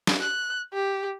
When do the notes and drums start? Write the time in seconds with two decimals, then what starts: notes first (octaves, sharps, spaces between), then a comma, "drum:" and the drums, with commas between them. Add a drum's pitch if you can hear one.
0.07 drum: snare
0.21 F#6
0.73 G4